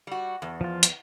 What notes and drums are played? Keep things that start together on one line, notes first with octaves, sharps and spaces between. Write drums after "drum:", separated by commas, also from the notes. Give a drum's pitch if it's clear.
G3 F#4
E2
F3 F4
drum: hi-hat